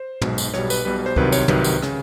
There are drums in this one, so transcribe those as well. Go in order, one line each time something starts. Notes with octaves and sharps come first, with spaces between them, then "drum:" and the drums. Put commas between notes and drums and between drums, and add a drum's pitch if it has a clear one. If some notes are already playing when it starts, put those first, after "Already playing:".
Already playing: C5
B1 B2 G#3, drum: tom
drum: tambourine
B1 B2 G3 C#5, drum: rim click
B4, drum: tambourine
B1 B2 G3 B4
C5
C2 C3 D#3 F#3 B4, drum: kick
C#5, drum: tambourine
C2 C3 D#3 F#3 B4, drum: tom
drum: tambourine
C#3, drum: rim click